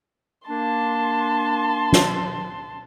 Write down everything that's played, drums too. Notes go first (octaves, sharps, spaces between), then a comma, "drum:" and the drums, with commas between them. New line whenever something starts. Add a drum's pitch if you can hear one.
A#3 D4 A5 C6
drum: snare